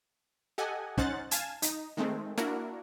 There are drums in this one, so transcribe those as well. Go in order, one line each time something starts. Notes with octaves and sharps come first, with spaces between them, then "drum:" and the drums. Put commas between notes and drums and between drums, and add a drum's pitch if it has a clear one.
G4 A4 D#5 F#5 G#5
C#4 D#4 C5 F#5 F#6 A6, drum: kick
F5 G#5 A5 G#6 E7, drum: hi-hat
D#4, drum: hi-hat
D#3 G#3 A3 C4
A#3 D4 E4 F#4 A#4, drum: snare